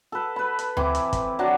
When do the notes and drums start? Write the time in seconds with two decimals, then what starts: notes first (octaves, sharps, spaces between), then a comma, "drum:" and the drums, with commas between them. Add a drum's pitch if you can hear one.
0.12 A4 B4
0.36 B4 B5
0.59 drum: hi-hat
0.77 E3 C4 B4 D6, drum: tom D2
0.95 drum: hi-hat
1.13 drum: kick, hi-hat
1.39 F#3 D4